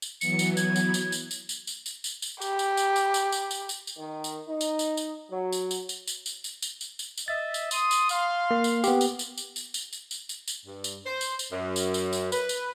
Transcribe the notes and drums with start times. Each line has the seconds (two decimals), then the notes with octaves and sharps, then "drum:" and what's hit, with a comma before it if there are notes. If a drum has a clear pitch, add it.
0.02 drum: tambourine
0.21 E3 F#3 B3 C#7, drum: tambourine
0.39 drum: tambourine
0.57 G#6, drum: tambourine
0.76 drum: tambourine
0.94 drum: tambourine
1.12 drum: tambourine
1.31 drum: tambourine
1.49 drum: tambourine
1.67 drum: tambourine
1.86 drum: tambourine
2.04 drum: tambourine
2.22 drum: tambourine
2.41 G4, drum: tambourine
2.59 drum: tambourine
2.77 drum: tambourine
2.96 drum: tambourine
3.14 drum: tambourine
3.32 drum: tambourine
3.51 drum: tambourine
3.69 drum: tambourine
3.87 drum: tambourine
3.98 D#3
4.24 drum: tambourine
4.48 D#4
4.61 drum: tambourine
4.79 drum: tambourine
4.97 drum: tambourine
5.31 F#3
5.52 drum: tambourine
5.71 drum: tambourine
5.89 drum: tambourine
6.07 drum: tambourine
6.26 drum: tambourine
6.44 drum: tambourine
6.62 drum: tambourine
6.81 drum: tambourine
6.99 drum: tambourine
7.17 drum: tambourine
7.28 D#5 E5 A6
7.54 drum: tambourine
7.71 C6 D#6, drum: tambourine
7.91 drum: tambourine
8.09 F5 C6, drum: tambourine
8.51 A#3
8.64 drum: tambourine
8.84 B3 G4, drum: tambourine
9.01 drum: tambourine
9.19 drum: tambourine
9.38 drum: tambourine
9.56 drum: tambourine
9.74 drum: tambourine
9.93 drum: tambourine
10.11 drum: tambourine
10.29 drum: tambourine
10.48 drum: tambourine
10.66 G2
10.84 drum: tambourine
11.06 C5
11.21 drum: tambourine
11.39 drum: tambourine
11.52 F#2
11.76 drum: tambourine
11.94 drum: tambourine
12.13 drum: tambourine
12.32 B4, drum: tambourine
12.49 drum: tambourine